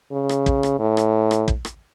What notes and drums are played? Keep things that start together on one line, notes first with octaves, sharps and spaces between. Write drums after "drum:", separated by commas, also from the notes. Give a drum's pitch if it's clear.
C#3
drum: rim click
drum: kick
drum: rim click
A2
drum: rim click
drum: rim click
drum: kick
drum: rim click